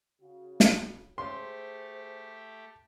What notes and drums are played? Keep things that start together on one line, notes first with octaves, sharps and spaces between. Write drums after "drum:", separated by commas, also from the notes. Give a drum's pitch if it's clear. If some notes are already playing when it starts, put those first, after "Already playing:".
C#3 F#4
drum: snare
A3 G4 G#4 C5 C6